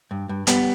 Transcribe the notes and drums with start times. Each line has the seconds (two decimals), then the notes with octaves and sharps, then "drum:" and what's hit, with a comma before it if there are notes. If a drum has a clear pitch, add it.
0.11 G2
0.29 G2
0.47 G2 G3 B3, drum: hi-hat